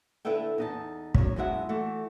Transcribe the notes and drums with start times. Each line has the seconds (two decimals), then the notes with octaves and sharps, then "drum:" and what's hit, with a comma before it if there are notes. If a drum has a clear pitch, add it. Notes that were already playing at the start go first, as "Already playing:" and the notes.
0.25 D3 E4 A4 B4 E5 G5
0.58 E2 D#4 A5
1.15 F#2 C#5, drum: kick
1.36 F#2 B2 G#3 E4 E5 F#5
1.69 E3 A3 F#4